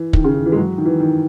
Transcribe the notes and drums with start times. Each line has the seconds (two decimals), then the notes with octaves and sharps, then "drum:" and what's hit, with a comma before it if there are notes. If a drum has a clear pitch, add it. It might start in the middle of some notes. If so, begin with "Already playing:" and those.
Already playing: E3
0.13 D#3, drum: kick
0.24 C#3
0.35 D#3
0.46 E3
0.52 G#3
0.56 F#3
0.78 D#3
0.85 E3
1.00 D#3